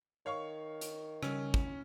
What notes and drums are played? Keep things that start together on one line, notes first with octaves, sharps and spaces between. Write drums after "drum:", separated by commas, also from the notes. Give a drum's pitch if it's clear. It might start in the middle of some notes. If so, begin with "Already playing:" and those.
D#3 C#5 F5 C#6
drum: hi-hat
C#3 G3 C#4, drum: rim click
drum: kick